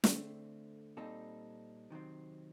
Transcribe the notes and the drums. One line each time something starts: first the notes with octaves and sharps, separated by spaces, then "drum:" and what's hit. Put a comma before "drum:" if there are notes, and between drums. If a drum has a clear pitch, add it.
D3 A3 C4, drum: snare
A#2 G3 C4 D#4 A4
C3 D#3 F#3 C4